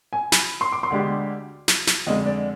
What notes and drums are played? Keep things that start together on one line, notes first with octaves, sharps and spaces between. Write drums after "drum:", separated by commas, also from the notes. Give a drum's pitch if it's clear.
G#5
B5, drum: snare
C6
D6
C6
D2 D3 G#3 D4 G4
drum: snare
drum: snare
F2 D3 G#3 D#5
D5